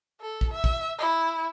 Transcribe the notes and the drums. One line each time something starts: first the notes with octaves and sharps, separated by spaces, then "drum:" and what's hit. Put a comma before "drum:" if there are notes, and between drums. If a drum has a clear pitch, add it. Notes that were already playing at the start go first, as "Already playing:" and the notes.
A4
drum: kick
E5
drum: kick
E4